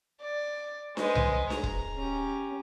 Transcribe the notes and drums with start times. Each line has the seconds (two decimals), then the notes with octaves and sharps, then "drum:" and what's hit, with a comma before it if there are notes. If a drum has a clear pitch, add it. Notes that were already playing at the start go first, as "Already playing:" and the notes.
0.21 D5
0.97 G#3 B4 C5 D#5, drum: snare D4
1.15 drum: tom C2
1.50 G#4 A#5, drum: snare D4
1.63 drum: kick
1.97 C#4 G4